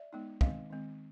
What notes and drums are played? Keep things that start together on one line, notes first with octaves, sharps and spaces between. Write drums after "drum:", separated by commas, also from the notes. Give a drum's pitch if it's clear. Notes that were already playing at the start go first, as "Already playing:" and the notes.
Already playing: D5 E5
G#3 B3 D#4
D#3 G#3 C4 D#5 F5, drum: kick
D#3 G#3 C4